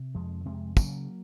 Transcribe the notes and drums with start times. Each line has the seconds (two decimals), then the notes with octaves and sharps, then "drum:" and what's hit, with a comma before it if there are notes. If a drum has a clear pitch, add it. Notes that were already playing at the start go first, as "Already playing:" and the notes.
Already playing: C3
0.15 F2 F3 G#3
0.45 C3 G#3 C4
0.77 C#3 F#3 A#3, drum: kick, tambourine